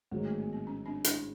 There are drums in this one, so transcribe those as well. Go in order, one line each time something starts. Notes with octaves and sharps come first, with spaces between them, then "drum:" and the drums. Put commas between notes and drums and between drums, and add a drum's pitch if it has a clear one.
A1 G#2 D#3 F#3 A3
A#3
B3
C4
C#4
C4 D4
D4 E4, drum: hi-hat